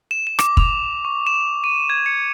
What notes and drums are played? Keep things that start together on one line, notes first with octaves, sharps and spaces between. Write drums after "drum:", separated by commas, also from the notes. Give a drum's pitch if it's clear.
E7
E7
D6, drum: rim click
F7, drum: kick
C#6
E7
D#7
G#6
C#7